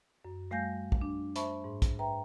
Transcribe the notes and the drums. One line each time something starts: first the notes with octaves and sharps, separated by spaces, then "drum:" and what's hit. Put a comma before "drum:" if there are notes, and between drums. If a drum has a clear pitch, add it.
F#2
G3 A3 F5 G#5 G6 A#6
drum: kick A#1
D4
C5 E5 A5 B5 C#6, drum: hi-hat
G#2
drum: kick A#1, hi-hat
B4 E5 G5 A#5